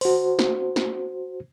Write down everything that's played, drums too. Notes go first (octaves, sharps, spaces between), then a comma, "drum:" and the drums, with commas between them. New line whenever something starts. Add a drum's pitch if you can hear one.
F#4 C5, drum: open hi-hat
drum: snare
drum: snare